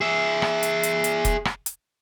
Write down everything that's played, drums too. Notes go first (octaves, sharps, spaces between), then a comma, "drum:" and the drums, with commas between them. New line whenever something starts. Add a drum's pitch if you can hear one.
G#4 E5
drum: rim click
drum: hi-hat
drum: hi-hat
drum: hi-hat
drum: kick F1, hi-hat
drum: rim click
drum: hi-hat